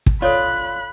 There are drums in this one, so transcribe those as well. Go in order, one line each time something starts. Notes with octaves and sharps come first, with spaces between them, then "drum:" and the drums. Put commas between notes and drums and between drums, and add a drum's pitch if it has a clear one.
drum: kick
F4 A4 C#5 D5 B5 F#6